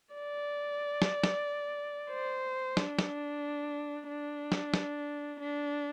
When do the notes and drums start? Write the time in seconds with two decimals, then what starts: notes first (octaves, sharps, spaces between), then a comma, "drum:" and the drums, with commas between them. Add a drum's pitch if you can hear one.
0.14 D5
1.02 drum: snare
1.24 drum: snare
2.11 C5
2.77 D4, drum: snare
2.99 drum: snare
4.08 D4
4.52 drum: snare
4.74 drum: snare
5.39 D4